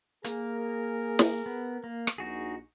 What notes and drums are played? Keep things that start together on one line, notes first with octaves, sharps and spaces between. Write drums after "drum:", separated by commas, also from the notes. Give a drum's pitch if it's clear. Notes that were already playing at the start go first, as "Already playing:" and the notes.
A#3 G#4 A#4, drum: hi-hat
drum: snare
B3
A#3
drum: rim click
A#1 D#4 F#4 G#4